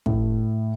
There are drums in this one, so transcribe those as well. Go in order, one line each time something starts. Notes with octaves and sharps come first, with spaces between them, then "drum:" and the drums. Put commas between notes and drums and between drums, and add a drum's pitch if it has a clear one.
A2, drum: kick